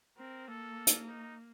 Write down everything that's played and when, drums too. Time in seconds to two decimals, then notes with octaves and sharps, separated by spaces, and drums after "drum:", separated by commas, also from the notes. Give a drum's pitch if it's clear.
0.18 C4 A#4
0.48 A#3 A4
0.87 drum: hi-hat
1.08 D#4